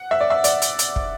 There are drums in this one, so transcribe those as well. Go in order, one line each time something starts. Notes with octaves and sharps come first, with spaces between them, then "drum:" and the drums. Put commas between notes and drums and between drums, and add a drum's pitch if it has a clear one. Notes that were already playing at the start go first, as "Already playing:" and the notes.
Already playing: F#5
E5
D5
E5
D5, drum: hi-hat
drum: hi-hat
drum: hi-hat
drum: kick